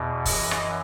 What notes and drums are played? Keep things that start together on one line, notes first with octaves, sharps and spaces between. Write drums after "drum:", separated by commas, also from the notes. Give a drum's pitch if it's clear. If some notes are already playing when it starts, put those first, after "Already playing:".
Already playing: E2 B2
F#2 E3 D#5, drum: kick, open hi-hat
drum: rim click